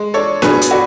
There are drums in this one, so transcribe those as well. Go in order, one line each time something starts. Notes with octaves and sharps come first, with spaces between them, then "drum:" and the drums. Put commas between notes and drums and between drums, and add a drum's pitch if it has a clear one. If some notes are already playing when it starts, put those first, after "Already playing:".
Already playing: G#3
D4 A4 C#5
B2 G#4 B4, drum: snare D4
drum: hi-hat
D4 F#4 A4